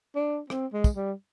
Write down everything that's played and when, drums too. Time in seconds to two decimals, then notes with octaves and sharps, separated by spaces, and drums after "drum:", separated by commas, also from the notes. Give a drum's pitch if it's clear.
0.15 D4
0.50 C4, drum: rim click
0.73 G#3
0.84 drum: kick, tambourine
0.96 G3